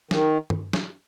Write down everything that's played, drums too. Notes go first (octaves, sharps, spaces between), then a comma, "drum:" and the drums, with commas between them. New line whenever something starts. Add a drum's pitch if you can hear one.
D#3, drum: snare
drum: tom G2
drum: snare